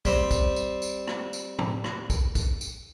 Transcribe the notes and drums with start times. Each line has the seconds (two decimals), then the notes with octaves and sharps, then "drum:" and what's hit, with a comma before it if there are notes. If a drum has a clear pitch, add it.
0.05 G3 C4, drum: kick, tambourine
0.31 drum: kick, tambourine
0.56 drum: tambourine
0.82 drum: tambourine
1.07 drum: rim click
1.33 drum: tambourine
1.59 drum: tom
1.84 drum: rim click
2.10 drum: kick, tambourine
2.35 drum: kick, tambourine
2.61 drum: tambourine